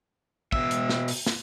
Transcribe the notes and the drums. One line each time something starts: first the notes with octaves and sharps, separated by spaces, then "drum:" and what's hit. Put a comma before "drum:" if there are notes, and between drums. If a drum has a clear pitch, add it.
B2 E5, drum: kick
drum: hi-hat
drum: snare
drum: open hi-hat
drum: snare